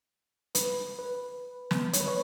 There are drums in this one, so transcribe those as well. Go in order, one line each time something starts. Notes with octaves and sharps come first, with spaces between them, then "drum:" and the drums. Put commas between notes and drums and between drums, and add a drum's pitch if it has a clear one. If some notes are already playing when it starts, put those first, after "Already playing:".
B4, drum: hi-hat
B4
drum: snare
C#5, drum: hi-hat
B4
C#5